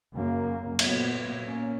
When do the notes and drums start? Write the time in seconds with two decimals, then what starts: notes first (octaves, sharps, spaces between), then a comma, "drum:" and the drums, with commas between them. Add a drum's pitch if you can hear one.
0.15 F#2 C#3 F#3 A#3
0.79 A#2 F#3 B3, drum: cymbal
1.44 A#2 A#3 C#4